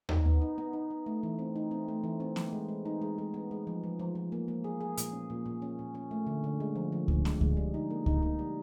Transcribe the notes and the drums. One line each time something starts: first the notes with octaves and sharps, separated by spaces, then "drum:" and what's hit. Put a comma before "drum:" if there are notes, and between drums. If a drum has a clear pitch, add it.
D#4, drum: tom D#2
B3
D#4
B3
D#4
B3
A3
E3
C4
D#4
C4
A3
E3
C4
B3, drum: snare B3
G#3
G#3
D#4
G#3
G#3
B3
G#3
F3
F3
F3
F3
A#3
A#3
G#4
G#4
A#2, drum: hi-hat
C#4
A#2
A#2
C#4
A#2
C#4
A3
D3
D3
G#3
F3
F3
D3, drum: kick C#2
G#3, drum: snare B3
G#3, drum: kick C#2
G3
D#4
A#3
D#4, drum: kick C#2
D#4
G3